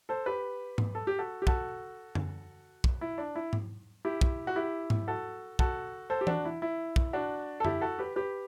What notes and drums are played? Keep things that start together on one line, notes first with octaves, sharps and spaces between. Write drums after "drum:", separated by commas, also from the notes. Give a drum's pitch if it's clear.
A4 C5
G4 B4
drum: tom G#2
A4
G4
F#4 A4
G4
F#4 A4, drum: kick
drum: tom F#2
drum: kick
E4
D4
E4
drum: tom G#2
E4 G4
drum: kick
F#4
E4 G4
drum: tom G#2
F#4 A4
F#4 A4, drum: kick
A4 C5
G4
D4 F#4, drum: tom E3
E4
E4
drum: kick
D4 F#4
A4
E4 G4, drum: tom F#2
F#4 A4
G4 B4
G4 B4